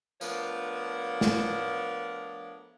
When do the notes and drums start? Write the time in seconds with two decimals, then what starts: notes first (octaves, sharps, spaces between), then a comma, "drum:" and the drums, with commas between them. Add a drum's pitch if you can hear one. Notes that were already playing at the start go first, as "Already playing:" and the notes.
0.21 F3 A3 B3 D4 A#4 C#5, drum: tambourine
1.21 drum: snare